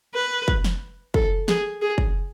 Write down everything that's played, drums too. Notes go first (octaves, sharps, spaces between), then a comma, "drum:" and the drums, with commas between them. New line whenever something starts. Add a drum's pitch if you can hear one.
B4
drum: kick
drum: snare
A4, drum: kick
G#4, drum: snare
G#4
drum: kick